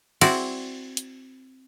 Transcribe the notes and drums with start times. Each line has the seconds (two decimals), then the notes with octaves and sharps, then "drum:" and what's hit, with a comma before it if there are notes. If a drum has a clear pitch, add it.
0.21 C4 E4 F#4 D5, drum: cymbal
0.97 drum: hi-hat